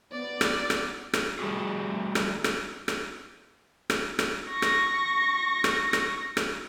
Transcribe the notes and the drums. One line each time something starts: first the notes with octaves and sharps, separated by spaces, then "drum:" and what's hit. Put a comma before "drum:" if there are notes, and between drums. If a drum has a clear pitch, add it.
B3 D5
drum: rim click
drum: rim click
drum: rim click
G3 A3 F#4 G#4
drum: rim click
drum: rim click
drum: rim click
drum: rim click
drum: rim click
C#6 A#6
drum: rim click
drum: rim click
drum: rim click
drum: rim click